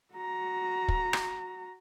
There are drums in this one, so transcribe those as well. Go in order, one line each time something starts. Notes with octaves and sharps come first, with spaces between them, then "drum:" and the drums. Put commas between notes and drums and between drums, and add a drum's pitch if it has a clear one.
F#4 A#5
drum: kick
drum: rim click